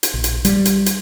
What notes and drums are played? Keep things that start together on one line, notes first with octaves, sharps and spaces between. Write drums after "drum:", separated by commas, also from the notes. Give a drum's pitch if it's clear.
drum: hi-hat
A#1
drum: hi-hat
G3, drum: hi-hat
drum: hi-hat
drum: hi-hat